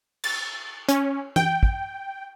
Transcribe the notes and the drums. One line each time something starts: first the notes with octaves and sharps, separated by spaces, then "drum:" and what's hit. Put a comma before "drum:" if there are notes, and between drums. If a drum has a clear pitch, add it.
A6, drum: cymbal
C#4, drum: hi-hat
G5, drum: tom E3
drum: kick